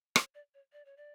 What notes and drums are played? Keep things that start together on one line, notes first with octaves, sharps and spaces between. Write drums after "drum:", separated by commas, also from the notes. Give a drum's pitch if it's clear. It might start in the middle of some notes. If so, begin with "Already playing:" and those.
C#5, drum: rim click
D5
C#5
D5
C#5
D5